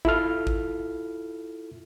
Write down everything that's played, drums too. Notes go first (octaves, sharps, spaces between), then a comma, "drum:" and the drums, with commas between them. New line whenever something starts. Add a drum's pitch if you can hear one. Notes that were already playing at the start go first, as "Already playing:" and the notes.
E4 F4 A4 F6, drum: kick G#1
drum: kick G#1